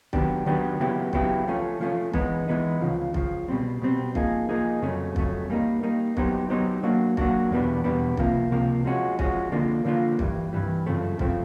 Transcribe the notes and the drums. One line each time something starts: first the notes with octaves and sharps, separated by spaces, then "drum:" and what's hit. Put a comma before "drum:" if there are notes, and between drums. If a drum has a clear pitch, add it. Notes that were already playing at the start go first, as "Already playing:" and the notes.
D#3 F#3 B3 D4 G4, drum: kick B1
D#3 F#3 B3 D4 G4
C#3 F#3 B3 E4 G4
C#3 F#3 B3 E4 G4, drum: kick B1
F3 A3 C#4
F3 A3 C#4
E3 G#3 B3 D#4, drum: kick B1
E3 G#3 B3 D#4
C#2 C#3 F3
C#2 C#3 F3, drum: kick B1
B2 G3 C4
B2 G3 C4
F3 A#3 D#4 G#4, drum: kick B1
F3 A#3 D#4 G#4
F2 C#3 F#3 A3 C#4
F2 C#3 F#3 A3 C#4, drum: kick B1
G3 A#3 D#4
G3 A#3 D#4
F#3 B3 D#4 G4 C5, drum: kick B1
F#3 B3 D#4 G4 C5
F#3 A#3 D4 F#4
F#3 A#3 D4 F#4, drum: kick B1
E2 B2 G3 B3 D4
E2 B2 G3 B3 D4
C#2 C3 F3 A#3, drum: kick B1
C#2 C3 F3 A#3
F3 G#3 C#4 F#4
F3 G#3 C#4 F#4, drum: kick B1
D3 F3 A#3 D4 F4
D3 F3 A#3 D4 F4
G2 E3 G3, drum: kick B1
G2 E3 G3
F#2 C#3 F3 A3 C4
F#2 C#3 F3 A3 C4, drum: kick B1